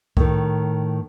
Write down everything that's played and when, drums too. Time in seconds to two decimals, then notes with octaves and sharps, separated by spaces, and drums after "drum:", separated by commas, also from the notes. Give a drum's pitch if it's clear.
0.17 A2 D#3, drum: kick C2